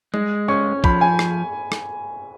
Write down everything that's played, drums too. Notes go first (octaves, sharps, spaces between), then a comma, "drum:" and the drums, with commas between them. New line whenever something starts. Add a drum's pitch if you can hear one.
G#3, drum: tom
C#4 C#6
F3 B5, drum: kick
G#5
drum: rim click
drum: rim click